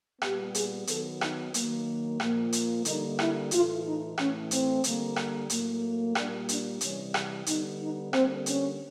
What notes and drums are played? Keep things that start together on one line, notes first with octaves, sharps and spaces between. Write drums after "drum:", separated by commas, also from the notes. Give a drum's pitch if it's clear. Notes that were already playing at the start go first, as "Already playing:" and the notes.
A#2 G3 B3 G4, drum: rim click
G#4, drum: hi-hat
D#3 F#3 B3 A4, drum: hi-hat
D#4, drum: rim click
D#3 F#3 A#3, drum: hi-hat
A#2 F3 A#3, drum: rim click
drum: hi-hat
D3 G3 A#3 D#4, drum: hi-hat
E4, drum: rim click
A2 E3 A3 F4, drum: hi-hat
D#4
A2 E3 A3 C#4, drum: rim click
C4, drum: hi-hat
D3 G3 A#3, drum: hi-hat
drum: rim click
A2 F#3 A#3, drum: hi-hat
A#2 G3 A#3 D4, drum: rim click
D4, drum: hi-hat
C3 E3 G3 C#4, drum: hi-hat
drum: rim click
D3 G3 B3 D#4, drum: hi-hat
D#4
D3 G3 A#3 C4, drum: rim click
C#4, drum: hi-hat